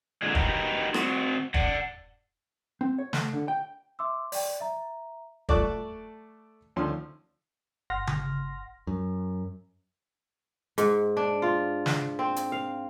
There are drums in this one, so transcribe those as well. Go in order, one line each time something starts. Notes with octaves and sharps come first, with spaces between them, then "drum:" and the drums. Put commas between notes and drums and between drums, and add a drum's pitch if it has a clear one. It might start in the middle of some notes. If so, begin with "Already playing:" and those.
A#2 D3 G#3
D#4 F#4 G4 A#4 B4, drum: kick
C4 F#4, drum: rim click
D5 F#5, drum: kick
C4
C#5
A3, drum: snare
D3
G5
E5 C6 D6 E6
D5 G5, drum: open hi-hat
E5 A#5
A3 D5 A5 C#6 F#6, drum: kick
D2 D#3 F3 C#4 C6
G1 F#5 C6 F6 A#6
drum: tom C#3
F#2
G#2, drum: hi-hat
D4
F4
drum: snare
C4
drum: hi-hat
F5